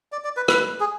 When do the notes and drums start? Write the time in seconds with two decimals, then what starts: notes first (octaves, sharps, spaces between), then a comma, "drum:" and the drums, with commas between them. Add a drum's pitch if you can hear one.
0.12 D5
0.24 D5
0.37 B4
0.48 B4, drum: rim click
0.80 G#4